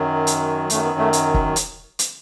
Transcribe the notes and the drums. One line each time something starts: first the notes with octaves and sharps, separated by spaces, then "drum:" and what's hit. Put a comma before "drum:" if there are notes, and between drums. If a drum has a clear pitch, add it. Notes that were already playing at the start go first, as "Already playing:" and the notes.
Already playing: F#2 D#3 F#3
drum: hi-hat
F#2 D#3 F#3 A3, drum: hi-hat
B3
A3
drum: hi-hat
drum: kick
drum: hi-hat
drum: hi-hat